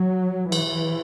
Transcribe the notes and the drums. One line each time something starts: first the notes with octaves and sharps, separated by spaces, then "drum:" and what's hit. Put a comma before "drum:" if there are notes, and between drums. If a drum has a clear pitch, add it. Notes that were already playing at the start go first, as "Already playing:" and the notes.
Already playing: F#3
E3, drum: cymbal